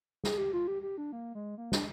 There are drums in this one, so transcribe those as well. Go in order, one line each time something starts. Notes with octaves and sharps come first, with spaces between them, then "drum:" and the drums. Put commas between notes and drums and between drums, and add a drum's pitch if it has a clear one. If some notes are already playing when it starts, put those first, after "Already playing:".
G#4, drum: snare
G4
F4
G4
G4
D4
A#3
G#3
A#3
D4, drum: snare